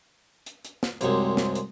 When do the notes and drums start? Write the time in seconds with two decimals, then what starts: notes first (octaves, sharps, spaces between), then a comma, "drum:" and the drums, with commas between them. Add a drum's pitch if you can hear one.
0.46 drum: hi-hat
0.65 drum: hi-hat
0.83 drum: snare
1.01 C2 F#2 C3 G#3, drum: hi-hat
1.37 drum: snare
1.55 drum: hi-hat